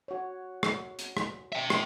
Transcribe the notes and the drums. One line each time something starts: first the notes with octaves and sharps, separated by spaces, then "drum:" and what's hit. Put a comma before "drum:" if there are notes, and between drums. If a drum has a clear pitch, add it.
F#4 C#5
drum: rim click
drum: hi-hat
drum: rim click
E5 G5
drum: rim click